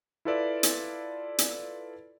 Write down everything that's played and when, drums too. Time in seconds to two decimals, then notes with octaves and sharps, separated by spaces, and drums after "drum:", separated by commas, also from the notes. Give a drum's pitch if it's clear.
0.25 E4 F4 A4 B4 D5 E5
0.63 drum: hi-hat
1.38 drum: hi-hat